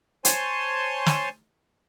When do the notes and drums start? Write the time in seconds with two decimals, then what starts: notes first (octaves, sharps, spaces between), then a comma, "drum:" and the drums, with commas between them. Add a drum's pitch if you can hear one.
0.25 C5 C#5 G#5 A5 C6, drum: hi-hat
1.06 drum: snare